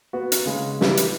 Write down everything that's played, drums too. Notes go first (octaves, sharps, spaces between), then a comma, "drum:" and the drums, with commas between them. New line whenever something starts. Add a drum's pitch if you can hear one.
B3 F#4
drum: hi-hat
C#3 G#3
E3 G3 E4, drum: snare
drum: hi-hat